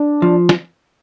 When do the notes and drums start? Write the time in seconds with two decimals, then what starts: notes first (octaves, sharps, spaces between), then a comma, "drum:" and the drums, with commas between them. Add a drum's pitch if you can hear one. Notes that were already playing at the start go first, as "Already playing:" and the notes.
Already playing: D4
0.22 F3
0.49 drum: snare